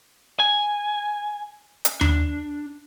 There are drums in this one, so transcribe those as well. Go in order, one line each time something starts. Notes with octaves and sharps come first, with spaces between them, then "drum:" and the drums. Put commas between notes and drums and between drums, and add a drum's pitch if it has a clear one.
G#5
drum: hi-hat
D4, drum: tom D#2